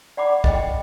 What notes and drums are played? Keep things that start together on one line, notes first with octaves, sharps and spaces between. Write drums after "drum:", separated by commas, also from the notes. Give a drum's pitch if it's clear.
D5 F#5 B5 D6
D#5 G5, drum: kick